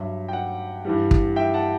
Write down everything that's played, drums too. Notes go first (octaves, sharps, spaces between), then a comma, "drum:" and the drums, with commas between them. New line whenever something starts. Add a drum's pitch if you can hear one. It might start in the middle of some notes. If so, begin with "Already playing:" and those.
Already playing: G2 F#3 E5
G5
F#5
G2 E3 G3
drum: kick
E5 G5
F#5 A5